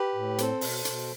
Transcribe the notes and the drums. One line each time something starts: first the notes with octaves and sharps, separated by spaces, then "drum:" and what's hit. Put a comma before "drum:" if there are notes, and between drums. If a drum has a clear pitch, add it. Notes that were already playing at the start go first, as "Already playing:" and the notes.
Already playing: G4 B4
A2
C4 A4 C5, drum: hi-hat
B2, drum: open hi-hat
B2, drum: hi-hat